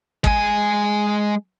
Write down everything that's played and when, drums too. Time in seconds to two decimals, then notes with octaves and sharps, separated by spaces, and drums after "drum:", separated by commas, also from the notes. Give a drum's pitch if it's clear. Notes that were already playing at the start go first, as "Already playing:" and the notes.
0.24 G#3 G#5, drum: kick